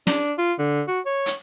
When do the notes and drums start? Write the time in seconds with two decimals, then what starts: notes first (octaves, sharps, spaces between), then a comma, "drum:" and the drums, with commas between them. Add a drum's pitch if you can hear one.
0.07 D4, drum: snare
0.38 F4
0.59 D3
0.88 F#4
1.06 C#5
1.26 drum: hi-hat